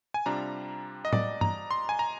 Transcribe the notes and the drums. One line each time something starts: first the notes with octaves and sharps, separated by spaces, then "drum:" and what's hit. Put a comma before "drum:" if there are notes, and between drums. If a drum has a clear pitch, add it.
G#5
C3 G3 D4 F4 A#5
D#5
D5, drum: tom A2
A#5, drum: tom G2
C6
G#5
A#5